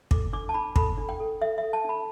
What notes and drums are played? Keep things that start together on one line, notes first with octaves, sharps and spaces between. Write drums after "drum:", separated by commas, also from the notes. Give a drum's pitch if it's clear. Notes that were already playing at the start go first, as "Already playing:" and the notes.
A4 D6, drum: kick
D4 D6
A5
D4 B5
A4 B5, drum: kick
D4
G5
A4
A4 E5
E5
A4
A5
D4 B5